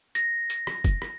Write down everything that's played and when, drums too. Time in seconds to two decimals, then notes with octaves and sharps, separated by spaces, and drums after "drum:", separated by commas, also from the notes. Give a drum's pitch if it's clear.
0.15 A#6, drum: hi-hat
0.50 drum: hi-hat
0.67 drum: rim click
0.84 drum: kick, hi-hat
1.02 drum: rim click